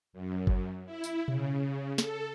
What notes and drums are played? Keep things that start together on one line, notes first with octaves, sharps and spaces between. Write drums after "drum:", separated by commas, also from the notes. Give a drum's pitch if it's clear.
F#2
drum: kick G1
E4
drum: tambourine
C#3, drum: tom B2
A4, drum: snare